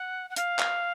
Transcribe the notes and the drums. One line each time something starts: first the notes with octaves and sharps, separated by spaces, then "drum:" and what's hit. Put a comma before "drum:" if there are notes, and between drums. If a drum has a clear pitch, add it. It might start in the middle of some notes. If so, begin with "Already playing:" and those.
Already playing: F#5
F#5
F5, drum: hi-hat
drum: clap